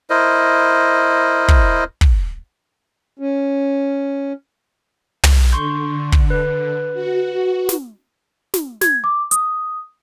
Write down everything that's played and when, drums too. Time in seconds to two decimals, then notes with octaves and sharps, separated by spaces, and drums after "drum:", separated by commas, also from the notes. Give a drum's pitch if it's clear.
0.10 E4 A#4 C5 D#5
1.48 drum: kick
2.01 drum: kick
3.19 C#4
5.23 drum: tom
5.52 D3 C6 C#6 G6
6.12 drum: kick
6.30 B4
6.93 F#4
7.69 drum: snare
8.54 drum: snare
8.81 G#6, drum: snare
9.04 D6
9.31 D#6, drum: hi-hat